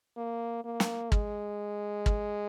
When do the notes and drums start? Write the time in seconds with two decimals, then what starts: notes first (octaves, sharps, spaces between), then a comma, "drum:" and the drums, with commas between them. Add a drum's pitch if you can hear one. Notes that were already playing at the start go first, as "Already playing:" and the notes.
0.17 A#3
0.64 A#3
0.80 drum: snare
1.12 G#3, drum: kick
2.06 drum: kick